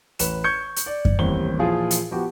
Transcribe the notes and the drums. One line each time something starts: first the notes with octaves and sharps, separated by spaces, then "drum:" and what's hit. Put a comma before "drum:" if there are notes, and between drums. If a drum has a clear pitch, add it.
A1 B4 E7, drum: hi-hat
C#6 G6 G#6 C#7
drum: hi-hat
D5
drum: kick F#2
A1 D#2 G3 C4 G7
A#2 E3 F3 F4 G#4
drum: hi-hat
F3 B3 F#4 G4